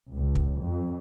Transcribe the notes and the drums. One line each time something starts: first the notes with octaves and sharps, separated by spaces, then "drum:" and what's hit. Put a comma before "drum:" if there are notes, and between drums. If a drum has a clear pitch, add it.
C#2
drum: kick
F2